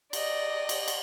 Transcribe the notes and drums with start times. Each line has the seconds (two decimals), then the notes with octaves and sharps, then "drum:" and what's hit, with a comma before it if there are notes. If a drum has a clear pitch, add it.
0.13 D5 D#5, drum: cymbal
0.69 drum: cymbal
0.88 drum: cymbal